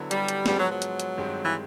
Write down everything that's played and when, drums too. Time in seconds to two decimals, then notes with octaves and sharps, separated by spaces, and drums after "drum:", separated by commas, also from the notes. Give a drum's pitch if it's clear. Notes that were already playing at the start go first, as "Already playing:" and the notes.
Already playing: D3 F#3 B3 E4
0.11 G3, drum: hi-hat
0.28 drum: hi-hat
0.46 G#2 F3 G3 G#3 B3, drum: snare
0.58 F#3
0.71 F#3
0.82 drum: hi-hat
1.00 drum: hi-hat
1.18 G2 D#3 G#3 C4
1.44 E3